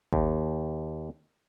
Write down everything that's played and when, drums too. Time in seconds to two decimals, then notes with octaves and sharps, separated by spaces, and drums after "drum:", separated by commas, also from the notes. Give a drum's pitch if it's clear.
0.13 D#2, drum: kick G#1